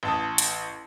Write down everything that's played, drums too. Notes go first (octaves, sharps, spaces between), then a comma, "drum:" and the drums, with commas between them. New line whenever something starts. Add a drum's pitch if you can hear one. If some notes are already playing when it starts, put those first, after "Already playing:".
A1 A5 D#6
drum: hi-hat